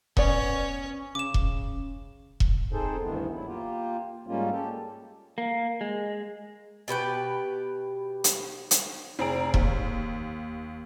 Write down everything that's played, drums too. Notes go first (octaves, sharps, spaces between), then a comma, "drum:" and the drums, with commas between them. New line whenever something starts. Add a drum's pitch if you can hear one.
B3 C#4 C#5 D5, drum: kick E1
C#3 D6 E7
drum: kick E1
drum: kick E1
C4 D#4 G#4 A4 C5
D2 G2 D#3 E3 B3
F#3 E4
A#3 F4 G4
G#2 G3 G#3 A#3 C#4 F4
G4 A4
A#3
G#3
B2 G4 B4 G5
drum: hi-hat
drum: hi-hat
F1 C4 G#4 A#5 D7
D#2, drum: kick E1